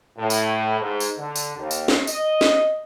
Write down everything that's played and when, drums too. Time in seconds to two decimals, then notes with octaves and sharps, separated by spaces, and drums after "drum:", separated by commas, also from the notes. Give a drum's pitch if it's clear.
0.18 A2
0.30 drum: tambourine
0.79 G#2
1.00 drum: tambourine
1.18 D3
1.36 drum: tambourine
1.57 D#2
1.71 drum: tambourine
1.88 drum: snare
2.07 D#5, drum: tambourine
2.41 drum: snare